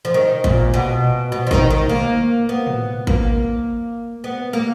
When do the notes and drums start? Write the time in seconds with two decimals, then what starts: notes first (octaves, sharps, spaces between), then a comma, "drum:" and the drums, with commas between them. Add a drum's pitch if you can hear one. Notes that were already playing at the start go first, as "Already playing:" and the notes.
0.05 F3
0.14 D#3
0.44 A#2, drum: kick G#1
0.74 B2
1.32 B2
1.47 F3
1.51 D#3, drum: kick G#1
1.70 D#3
1.89 A#3
2.49 B3
2.67 drum: tom A2
3.07 A#3, drum: kick G#1
4.24 B3
4.53 A#3